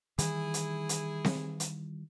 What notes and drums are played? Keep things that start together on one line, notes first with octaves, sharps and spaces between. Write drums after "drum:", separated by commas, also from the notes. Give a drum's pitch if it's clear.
D#3 E3 G3 E4 G#4, drum: hi-hat
drum: hi-hat
drum: hi-hat
drum: snare C4
drum: hi-hat